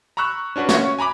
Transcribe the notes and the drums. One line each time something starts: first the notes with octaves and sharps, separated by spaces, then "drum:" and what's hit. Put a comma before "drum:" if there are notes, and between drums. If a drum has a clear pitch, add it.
A#5 B5 C#6 E6 F#6
C#4 D4 F#4 B4
C#4 F#4 C#5 E5 C#6, drum: snare
G#5 A#5 B5 D6